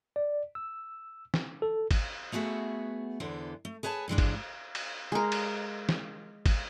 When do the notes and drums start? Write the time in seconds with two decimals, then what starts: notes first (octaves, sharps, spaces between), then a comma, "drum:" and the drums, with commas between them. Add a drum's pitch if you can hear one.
0.16 D5
0.55 E6
1.34 drum: snare
1.62 A4
1.91 drum: kick G#1, cymbal
2.32 A3 B3 F#4 G#4 E5
3.20 E2 D3 E3 B3 C5
3.65 A3
3.83 G#4 B4 C#5 G#5 A5
4.08 G2 E3 G#3 D4
4.18 drum: kick G#1, cymbal
4.75 drum: cymbal
5.12 G#3 A#4
5.32 drum: cymbal
5.89 drum: snare
6.46 drum: kick G#1, cymbal